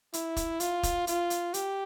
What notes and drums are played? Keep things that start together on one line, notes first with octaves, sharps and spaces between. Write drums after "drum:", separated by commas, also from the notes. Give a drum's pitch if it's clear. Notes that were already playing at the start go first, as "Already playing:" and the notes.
E4, drum: hi-hat
drum: kick, hi-hat
F4, drum: hi-hat
drum: kick, hi-hat
F4, drum: hi-hat
drum: hi-hat
G4, drum: hi-hat